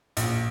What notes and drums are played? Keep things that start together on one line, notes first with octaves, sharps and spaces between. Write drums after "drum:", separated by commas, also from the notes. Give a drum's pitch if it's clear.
A#1, drum: hi-hat